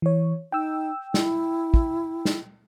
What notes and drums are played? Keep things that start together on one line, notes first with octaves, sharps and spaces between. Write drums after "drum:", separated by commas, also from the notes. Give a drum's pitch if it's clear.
E3 C#5
D#4 G5 E6
E4, drum: snare
drum: kick
drum: snare